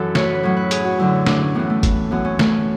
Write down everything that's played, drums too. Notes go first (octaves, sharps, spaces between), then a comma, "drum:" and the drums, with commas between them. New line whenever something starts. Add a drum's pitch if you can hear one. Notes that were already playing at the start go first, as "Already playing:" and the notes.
Already playing: F#2 E3 E4 F#4 A4
C#5, drum: snare
B4
B4
A2 F#3 C#5
B4
G#4, drum: hi-hat
F#4
F#2 D3 F#3 E4
D4, drum: snare
C#4
A2 E3 B3
A3
drum: kick, hi-hat
F#2 E3 B3
C#4
A3, drum: snare